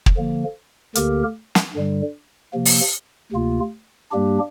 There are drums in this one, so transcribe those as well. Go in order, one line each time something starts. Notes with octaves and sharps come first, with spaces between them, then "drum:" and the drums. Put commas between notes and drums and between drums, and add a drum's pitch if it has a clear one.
drum: kick
D3 F3 A#3
D2 D3 A#3 G4 A#4, drum: hi-hat
drum: snare
G2 D3 G3
C3 F3 A#3
drum: open hi-hat
D2 C3 A#3 F4
G2 G3 A#3 D4 G4